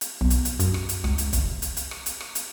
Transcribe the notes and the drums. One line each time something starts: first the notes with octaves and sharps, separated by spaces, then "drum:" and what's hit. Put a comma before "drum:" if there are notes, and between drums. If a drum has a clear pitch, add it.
drum: hi-hat
B1
drum: hi-hat
drum: hi-hat
F#2, drum: hi-hat
drum: rim click
drum: hi-hat
C#2, drum: rim click
drum: hi-hat
drum: kick, hi-hat
drum: hi-hat
drum: hi-hat
drum: rim click
drum: hi-hat
drum: rim click
drum: hi-hat